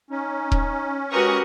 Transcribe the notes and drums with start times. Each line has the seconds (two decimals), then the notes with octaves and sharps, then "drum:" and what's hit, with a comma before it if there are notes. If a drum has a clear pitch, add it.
0.11 C#4 D#4
0.52 drum: kick D#1
1.11 G#3 F#4 G4 A#4 B4 C#6 D#6